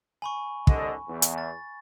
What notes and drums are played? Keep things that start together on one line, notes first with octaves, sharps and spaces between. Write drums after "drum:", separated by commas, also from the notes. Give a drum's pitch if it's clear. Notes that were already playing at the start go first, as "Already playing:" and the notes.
G#5 B5 C#6
C2 D3 D#5, drum: kick
E2
drum: hi-hat
A6